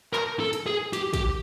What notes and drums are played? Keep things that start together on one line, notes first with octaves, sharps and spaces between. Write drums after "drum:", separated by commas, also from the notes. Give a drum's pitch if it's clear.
A#4, drum: clap
A4
drum: hi-hat
G#4
G4, drum: hi-hat
G4, drum: kick, hi-hat